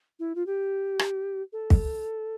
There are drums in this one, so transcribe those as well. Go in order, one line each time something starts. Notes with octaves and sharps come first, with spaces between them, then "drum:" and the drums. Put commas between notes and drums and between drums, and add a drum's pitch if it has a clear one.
E4
F4
G4
drum: rim click
A4
drum: kick